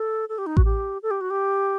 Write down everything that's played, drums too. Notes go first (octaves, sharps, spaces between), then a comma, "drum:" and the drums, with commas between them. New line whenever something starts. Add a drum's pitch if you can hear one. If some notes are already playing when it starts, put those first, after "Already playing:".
Already playing: A4
A4
G4
D#4
F#4, drum: kick A1
G4
A4
G4
F#4
G4